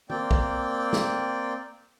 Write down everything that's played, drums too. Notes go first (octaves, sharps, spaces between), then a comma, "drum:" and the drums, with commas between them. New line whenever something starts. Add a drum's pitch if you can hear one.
A#3 C4 D5 G5, drum: tom
drum: kick
drum: snare